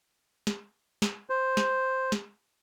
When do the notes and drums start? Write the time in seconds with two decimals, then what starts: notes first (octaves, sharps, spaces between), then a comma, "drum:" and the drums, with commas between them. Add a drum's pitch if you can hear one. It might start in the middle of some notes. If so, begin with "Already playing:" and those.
0.47 drum: snare
1.02 drum: snare
1.30 C5
1.57 drum: snare
2.12 drum: snare